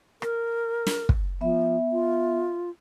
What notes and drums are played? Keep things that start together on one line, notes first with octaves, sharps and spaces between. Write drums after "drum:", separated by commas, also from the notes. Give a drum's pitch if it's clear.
A#4, drum: rim click
drum: snare
drum: kick
F3 B3 E5
F4